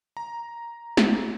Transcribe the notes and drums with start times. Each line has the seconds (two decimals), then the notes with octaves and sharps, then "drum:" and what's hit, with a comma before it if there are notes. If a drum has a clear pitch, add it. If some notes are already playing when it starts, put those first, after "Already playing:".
0.17 A#5
0.97 drum: snare